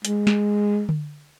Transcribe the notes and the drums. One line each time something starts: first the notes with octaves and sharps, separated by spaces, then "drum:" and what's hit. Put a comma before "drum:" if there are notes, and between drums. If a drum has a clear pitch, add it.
G#3, drum: hi-hat
drum: snare
drum: tom D3